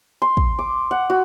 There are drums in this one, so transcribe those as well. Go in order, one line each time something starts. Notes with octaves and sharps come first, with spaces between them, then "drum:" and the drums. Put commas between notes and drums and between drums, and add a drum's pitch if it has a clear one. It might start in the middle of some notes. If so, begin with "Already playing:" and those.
C6
drum: kick
D6
F#5
F#4